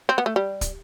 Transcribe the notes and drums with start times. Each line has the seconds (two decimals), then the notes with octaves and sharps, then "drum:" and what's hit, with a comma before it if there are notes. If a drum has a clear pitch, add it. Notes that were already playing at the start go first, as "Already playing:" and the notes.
0.09 C4
0.18 B3
0.26 A3
0.36 G3
0.61 drum: kick, hi-hat